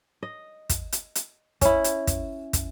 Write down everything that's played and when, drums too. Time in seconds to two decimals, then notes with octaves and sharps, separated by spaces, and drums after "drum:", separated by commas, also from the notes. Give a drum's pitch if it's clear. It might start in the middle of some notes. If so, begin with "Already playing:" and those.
0.23 D#5
0.69 drum: kick, hi-hat
0.92 drum: hi-hat
1.15 drum: hi-hat
1.61 C#4 E4, drum: kick, hi-hat
1.84 drum: hi-hat
2.07 drum: kick, hi-hat
2.53 drum: kick, hi-hat